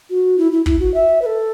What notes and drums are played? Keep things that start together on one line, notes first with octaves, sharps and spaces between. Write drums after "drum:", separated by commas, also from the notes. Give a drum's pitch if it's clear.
F#4
E4
E4
E4, drum: kick
F#4
E5
B4
A4